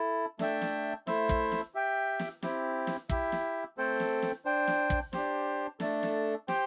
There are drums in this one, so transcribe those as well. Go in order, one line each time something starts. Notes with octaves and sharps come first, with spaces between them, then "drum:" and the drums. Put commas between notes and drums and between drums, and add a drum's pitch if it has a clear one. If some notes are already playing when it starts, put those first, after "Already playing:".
Already playing: E4 A4
A3 D4 A4 E5 G5, drum: snare
drum: snare
A3 E4 C5 E5, drum: snare
drum: kick
drum: snare
G4 E5 G5
drum: snare
C4 E4 G4, drum: snare
drum: snare
E4 G4 E5, drum: kick
drum: snare
A3 C4 A4 C5 G5
drum: snare
drum: snare
D4 C5 G5
drum: snare
drum: kick
D4 G4 C5, drum: snare
A3 D4 A4, drum: snare
drum: snare
G4 C5 G5, drum: snare